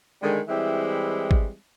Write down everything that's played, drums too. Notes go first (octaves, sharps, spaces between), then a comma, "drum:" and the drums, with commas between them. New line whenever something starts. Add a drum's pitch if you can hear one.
D3 D#3 G3 G#3
E3 G3 G#3 C4 E4
drum: kick G#1